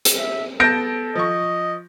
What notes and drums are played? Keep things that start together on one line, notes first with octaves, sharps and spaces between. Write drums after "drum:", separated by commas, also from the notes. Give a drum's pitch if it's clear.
drum: hi-hat
E5
B3 A4 A5 G6 A#6 D7
F3 D#5 C#6